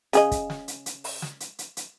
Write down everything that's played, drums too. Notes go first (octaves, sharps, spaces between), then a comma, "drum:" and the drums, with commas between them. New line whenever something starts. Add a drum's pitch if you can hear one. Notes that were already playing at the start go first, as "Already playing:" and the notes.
C#3 G#4 D#5, drum: hi-hat
drum: kick, hi-hat
drum: snare
drum: hi-hat
drum: hi-hat
drum: open hi-hat
drum: snare
drum: hi-hat
drum: hi-hat
drum: hi-hat